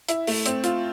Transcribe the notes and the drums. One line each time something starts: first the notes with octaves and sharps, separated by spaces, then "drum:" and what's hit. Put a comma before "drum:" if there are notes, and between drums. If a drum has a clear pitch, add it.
E4, drum: hi-hat
A3, drum: open hi-hat
C4, drum: hi-hat
F4, drum: hi-hat